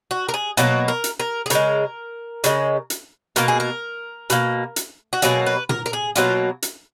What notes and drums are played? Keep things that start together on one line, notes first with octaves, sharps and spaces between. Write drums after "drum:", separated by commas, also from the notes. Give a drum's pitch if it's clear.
F#4
A#4
G#4
B2 F#3 A#3 F#4, drum: hi-hat
A#4
drum: hi-hat
A#4
G#4
C#3 G#3 A#4, drum: hi-hat
C#3 G#3, drum: hi-hat
drum: hi-hat
B2 A#3 A#4, drum: hi-hat
G#4
A#4
B2 A#3, drum: hi-hat
drum: hi-hat
F#4
B2 F#3 A#3 G#4, drum: hi-hat
B4
A#4, drum: tom
A#4
G#4
B2 F#3 A#3 F4, drum: hi-hat
drum: hi-hat